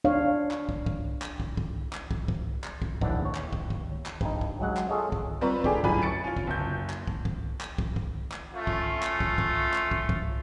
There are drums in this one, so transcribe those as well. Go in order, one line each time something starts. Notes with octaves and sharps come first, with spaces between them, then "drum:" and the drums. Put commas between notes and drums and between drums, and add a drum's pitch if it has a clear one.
D4 C#5 F5
drum: clap
drum: kick
drum: kick
drum: clap
drum: kick
drum: kick
drum: clap
drum: kick
drum: kick
drum: clap
drum: kick
A#1 D#2 E3 D4 F#5, drum: kick
D#2 C#5
drum: clap
drum: kick
drum: kick
drum: clap
G2 D#4, drum: kick
drum: kick
G2 F#3 G#3 F#5
drum: clap
F4 G#4 A4 C#5 D#5 F5
drum: kick
G3 C4 F4 B4 A#5 C#6
A3 D4 G4 G#4, drum: kick
F1 F#2 A2 G#5 B5, drum: kick
C#6 A6 C#7 D7
C#4 F4
drum: kick
F#1 G6
drum: clap
drum: kick
drum: kick
drum: clap
drum: kick
drum: kick
drum: clap
A3 C#4 F4
drum: kick
drum: clap
drum: kick
drum: kick
drum: clap
drum: kick
drum: kick